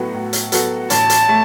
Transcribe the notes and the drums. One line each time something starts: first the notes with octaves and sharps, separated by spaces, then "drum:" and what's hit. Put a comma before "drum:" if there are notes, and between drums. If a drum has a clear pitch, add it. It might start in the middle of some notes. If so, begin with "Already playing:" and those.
Already playing: A2 F#3 B3 F#4 A4
A2
drum: hi-hat
F#3 B3 F#4 A4, drum: hi-hat
A1 A5, drum: hi-hat
drum: hi-hat
A3